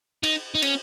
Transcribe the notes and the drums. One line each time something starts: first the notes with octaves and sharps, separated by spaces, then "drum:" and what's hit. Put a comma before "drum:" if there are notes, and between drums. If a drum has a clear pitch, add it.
D#4, drum: cymbal
D#4
C#4, drum: cymbal